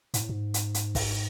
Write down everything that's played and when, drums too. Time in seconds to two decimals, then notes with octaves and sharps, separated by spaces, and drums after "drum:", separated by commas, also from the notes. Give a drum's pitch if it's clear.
0.14 G#2, drum: hi-hat
0.21 A2
0.29 G#2
0.54 drum: hi-hat
0.74 drum: hi-hat
0.95 drum: kick, open hi-hat